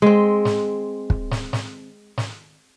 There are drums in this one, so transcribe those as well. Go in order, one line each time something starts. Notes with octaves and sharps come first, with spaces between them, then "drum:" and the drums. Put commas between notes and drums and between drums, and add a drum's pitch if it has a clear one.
G#3 C4
drum: snare
drum: kick
drum: snare
drum: snare
drum: snare